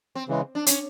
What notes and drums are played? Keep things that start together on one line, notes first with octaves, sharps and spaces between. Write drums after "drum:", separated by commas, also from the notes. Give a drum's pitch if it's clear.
C4
C#3 E3 G#3
D4
C#4, drum: hi-hat